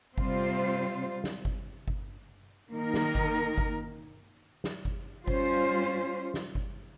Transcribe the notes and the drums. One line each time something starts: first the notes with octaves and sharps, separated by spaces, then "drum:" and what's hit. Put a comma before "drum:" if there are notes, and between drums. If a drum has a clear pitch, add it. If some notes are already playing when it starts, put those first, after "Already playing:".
C3 G3 C4 F4 C5, drum: kick G1
drum: snare
drum: kick G1
drum: kick G1
D#3 A#3 D#4 A#4
drum: snare
drum: kick G1
drum: kick G1
drum: snare
drum: kick G1
G3 C#4 F4 C5, drum: kick G1
drum: snare
drum: kick G1